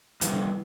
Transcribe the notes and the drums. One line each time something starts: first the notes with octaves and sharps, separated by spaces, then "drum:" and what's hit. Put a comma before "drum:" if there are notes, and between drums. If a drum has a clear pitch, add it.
F2 C3 E3 G3, drum: hi-hat
D3
E3